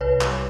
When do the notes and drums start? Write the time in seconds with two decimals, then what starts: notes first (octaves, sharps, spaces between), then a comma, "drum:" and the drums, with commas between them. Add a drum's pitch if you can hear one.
0.01 C2 B4 C#5
0.21 G3, drum: clap